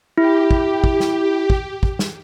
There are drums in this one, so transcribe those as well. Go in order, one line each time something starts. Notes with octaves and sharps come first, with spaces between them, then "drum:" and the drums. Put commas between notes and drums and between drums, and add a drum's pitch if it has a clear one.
E4 G4
drum: kick
drum: kick
drum: snare
drum: kick
drum: kick
drum: snare